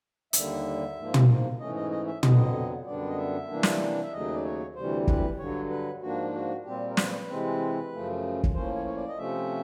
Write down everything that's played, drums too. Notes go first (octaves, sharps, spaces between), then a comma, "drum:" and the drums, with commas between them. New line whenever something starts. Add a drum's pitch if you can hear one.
D#2 D3 G3 A#3 E5, drum: hi-hat
G#2 F3 A#3
drum: tom
G#2 E3 A3 C#4 D#5
D#5
D#5
E5
F2 D3 F#3 B3 D#5, drum: tom
F#2 D3 G3 B3 D4 D5
D#5
E5
C3 E3 G3 A#3 D4
drum: snare
E5
D#2 C#3 F#3 A3 D#5
D5
C#5
D2 C3 E3 G3 C5
B4, drum: kick
G2 D3 F#3 C#5
B4
G#2 F3 A#3 D4 F#4
F#4
A#2 G3 C4 G4
A#4
B4, drum: snare
C3 E3 G#3 C4
F#2 C#3 F3 A3
drum: kick
A2 F3 A#3 C#4 C5
C#5
C#5
D5
D#5
C3 F3 A3 C#4 E5